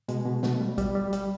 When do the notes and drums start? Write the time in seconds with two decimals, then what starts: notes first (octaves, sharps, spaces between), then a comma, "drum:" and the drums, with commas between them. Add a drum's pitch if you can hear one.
0.08 B2 G#3, drum: hi-hat
0.26 B2
0.43 B2 A3, drum: snare
0.61 G3
0.78 G3, drum: kick, hi-hat
0.95 G3
1.13 G3, drum: hi-hat